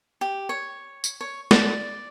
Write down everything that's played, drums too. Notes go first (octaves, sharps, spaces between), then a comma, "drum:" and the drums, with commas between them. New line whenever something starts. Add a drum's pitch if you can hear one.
G4
C#5
drum: tambourine
C#5
D5, drum: snare